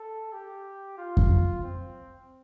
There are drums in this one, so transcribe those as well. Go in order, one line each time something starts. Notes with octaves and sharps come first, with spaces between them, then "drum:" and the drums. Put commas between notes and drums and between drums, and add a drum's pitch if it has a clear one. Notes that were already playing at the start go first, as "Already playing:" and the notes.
Already playing: A4
G4
F4
drum: kick F2
C4